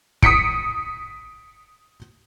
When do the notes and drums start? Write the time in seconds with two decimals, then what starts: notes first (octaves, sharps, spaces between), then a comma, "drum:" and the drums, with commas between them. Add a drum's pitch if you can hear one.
0.22 D#6 B6 C#7 D7, drum: kick